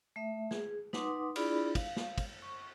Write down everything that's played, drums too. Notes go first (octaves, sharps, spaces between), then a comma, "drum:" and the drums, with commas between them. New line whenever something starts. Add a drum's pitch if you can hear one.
A3 E5
G#4, drum: snare
D#4 B4 F#5 C6 D6 D#6, drum: snare
D4 E4 F4 G#4 D5 B5, drum: cymbal
F5, drum: kick, cymbal
drum: snare
drum: kick, cymbal
C#6